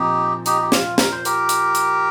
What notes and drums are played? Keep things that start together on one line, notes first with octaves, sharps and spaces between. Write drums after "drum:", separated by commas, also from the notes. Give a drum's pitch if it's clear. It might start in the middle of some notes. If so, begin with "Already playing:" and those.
Already playing: A#2 F3 C4 D#4 G4
D#4 G4, drum: hi-hat
G4
F4, drum: snare
A#4, drum: snare
C5
G4 A#4, drum: hi-hat
drum: hi-hat
drum: hi-hat